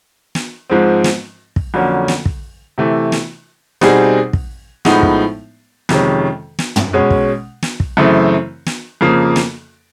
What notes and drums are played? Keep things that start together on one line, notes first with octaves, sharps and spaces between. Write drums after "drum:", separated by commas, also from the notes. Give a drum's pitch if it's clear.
drum: snare
G#2 F3 G#3 C4
drum: snare
drum: kick
F2 D3 F#3 A#3 C#4
drum: snare
drum: kick
C3 E3 A3
drum: snare
B2 G3 C4 D#4 G#4, drum: snare
drum: kick
A2 F3 G#3 B3 D#4, drum: snare
drum: kick
F2 C3 D#3 G#3 C#4, drum: snare
drum: snare
drum: tom
B2 G#3 C#4
drum: kick
drum: snare
drum: kick
F#2 C#3 E3 A3 C4
drum: snare
F2 C#3 F3 A#3
drum: snare